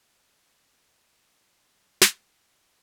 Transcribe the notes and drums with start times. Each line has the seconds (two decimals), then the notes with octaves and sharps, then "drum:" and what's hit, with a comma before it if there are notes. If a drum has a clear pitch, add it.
0.03 E2
0.19 D4
0.71 D#3 A6
1.13 E7
1.28 G3 C7
2.01 drum: snare